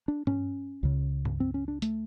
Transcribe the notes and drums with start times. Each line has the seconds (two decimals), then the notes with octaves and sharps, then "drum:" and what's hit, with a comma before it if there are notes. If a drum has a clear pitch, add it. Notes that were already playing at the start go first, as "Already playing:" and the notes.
0.08 D4
0.27 C#4, drum: tom G2
0.83 C#2 C#3
1.25 drum: tom G2
1.40 C4
1.54 C#4
1.68 D4
1.82 A3, drum: hi-hat